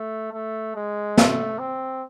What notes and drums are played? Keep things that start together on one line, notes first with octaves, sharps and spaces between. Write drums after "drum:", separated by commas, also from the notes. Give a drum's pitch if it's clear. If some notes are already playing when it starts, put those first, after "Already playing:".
Already playing: A3
A3
G#3
A3, drum: snare
C4